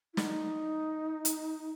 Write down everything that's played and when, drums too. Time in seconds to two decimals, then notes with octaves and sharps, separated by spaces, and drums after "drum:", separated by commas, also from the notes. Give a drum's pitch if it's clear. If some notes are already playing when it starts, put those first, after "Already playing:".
0.13 E4
0.17 D#4, drum: snare
1.25 drum: hi-hat